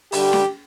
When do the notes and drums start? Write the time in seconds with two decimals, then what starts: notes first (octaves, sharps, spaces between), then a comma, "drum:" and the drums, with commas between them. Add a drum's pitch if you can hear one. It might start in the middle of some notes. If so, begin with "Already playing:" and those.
0.12 G2 D3 G3 G4, drum: open hi-hat
0.33 drum: snare